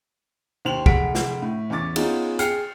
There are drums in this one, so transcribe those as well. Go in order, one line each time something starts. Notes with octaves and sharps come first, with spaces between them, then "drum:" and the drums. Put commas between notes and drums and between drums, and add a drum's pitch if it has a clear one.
D#2 C5 G5 F7 F#7
F1 G#4 F#5 B6 D7, drum: kick
drum: snare
A2
E2 C#4 C#5 D6 A6
B3 C#4 D#4 F4 G#4, drum: cymbal
G#4 G5 F6 C7 C#7, drum: hi-hat